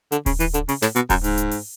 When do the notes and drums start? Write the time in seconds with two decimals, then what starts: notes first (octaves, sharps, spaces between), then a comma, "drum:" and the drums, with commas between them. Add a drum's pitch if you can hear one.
0.12 D3, drum: hi-hat
0.26 C#3, drum: kick D1, open hi-hat
0.40 E3, drum: hi-hat
0.54 D3, drum: hi-hat
0.69 C#3, drum: open hi-hat
0.82 A2, drum: snare
0.96 B2, drum: hi-hat
1.10 F#2, drum: kick D1, open hi-hat
1.24 G#2, drum: hi-hat
1.38 drum: hi-hat
1.51 drum: open hi-hat